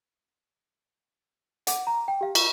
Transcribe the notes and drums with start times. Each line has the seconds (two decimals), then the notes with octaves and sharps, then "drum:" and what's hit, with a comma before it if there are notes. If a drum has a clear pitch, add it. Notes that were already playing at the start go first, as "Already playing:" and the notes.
1.67 F#5 D6, drum: hi-hat
1.87 A#5
2.08 G5
2.21 G4 F5
2.35 C#6, drum: cymbal